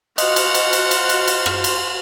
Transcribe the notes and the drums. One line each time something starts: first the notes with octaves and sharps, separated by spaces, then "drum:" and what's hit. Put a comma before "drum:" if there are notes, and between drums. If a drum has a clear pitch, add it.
F4 F#4 C5 D#5 F5 F#5, drum: cymbal
drum: cymbal
drum: cymbal
drum: cymbal
drum: cymbal
drum: cymbal
drum: cymbal
drum: rim click
drum: cymbal